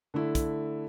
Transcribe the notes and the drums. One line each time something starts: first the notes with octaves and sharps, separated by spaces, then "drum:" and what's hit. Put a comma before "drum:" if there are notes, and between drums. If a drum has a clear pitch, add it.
D3 A3 E4
drum: kick, hi-hat